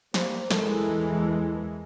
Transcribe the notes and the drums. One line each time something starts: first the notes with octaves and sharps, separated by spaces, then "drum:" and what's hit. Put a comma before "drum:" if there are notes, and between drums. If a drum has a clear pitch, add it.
G3 A#3 C5, drum: snare
E2 E3 G#3 A4 A#4, drum: snare